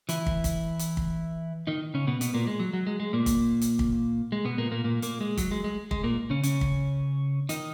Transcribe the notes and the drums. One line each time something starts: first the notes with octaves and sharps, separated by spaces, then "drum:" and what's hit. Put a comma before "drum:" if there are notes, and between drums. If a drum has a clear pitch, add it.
E3 E4, drum: hi-hat
drum: kick
drum: kick, hi-hat
drum: hi-hat
drum: kick
D#3 D#4
C#3 C#4
B2 B3
B2 B3, drum: hi-hat
A#2 A#3
G#3
F#3
F#3
G#3
G#3
A#2 A#3
drum: kick, hi-hat
drum: hi-hat
drum: kick
G#3
B2 B3
A#2 A#3
A#2 A#3
A#2 A#3
A#2 A#3, drum: hi-hat
G#3
F#3, drum: kick, hi-hat
G#3
G#3
G#3, drum: kick
A#2 A#3
C#3 C#4
C#3 C#4, drum: hi-hat
drum: kick
D#3 D#4, drum: hi-hat